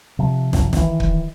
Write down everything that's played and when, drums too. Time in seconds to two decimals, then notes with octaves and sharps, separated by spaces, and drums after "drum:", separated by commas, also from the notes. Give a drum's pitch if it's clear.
0.19 C3 F3
0.53 F#2 C3 F3, drum: snare
0.73 D#3 E3, drum: snare
1.00 drum: kick